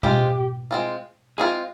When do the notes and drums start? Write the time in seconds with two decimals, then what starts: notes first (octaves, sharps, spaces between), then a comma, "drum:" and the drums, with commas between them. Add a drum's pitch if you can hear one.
0.03 G#3 C4 F4 G4, drum: tom B2
0.71 G#3 C4 F4
1.38 G#3 C4 F4 G#4